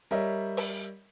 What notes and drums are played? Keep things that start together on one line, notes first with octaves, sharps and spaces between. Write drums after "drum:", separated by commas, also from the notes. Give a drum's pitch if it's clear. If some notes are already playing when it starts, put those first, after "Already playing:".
G3 A#4 C#5 D#5 E5
drum: open hi-hat